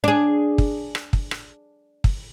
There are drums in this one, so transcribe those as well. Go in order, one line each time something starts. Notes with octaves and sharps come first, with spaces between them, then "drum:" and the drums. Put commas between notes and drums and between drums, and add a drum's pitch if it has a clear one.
D4 G#4
drum: kick
drum: rim click
drum: kick
drum: rim click
drum: kick